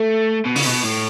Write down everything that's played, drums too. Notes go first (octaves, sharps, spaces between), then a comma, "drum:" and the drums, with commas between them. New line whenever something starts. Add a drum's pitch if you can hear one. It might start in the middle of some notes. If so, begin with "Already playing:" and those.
Already playing: A3
B2
C#3, drum: open hi-hat
B2
A2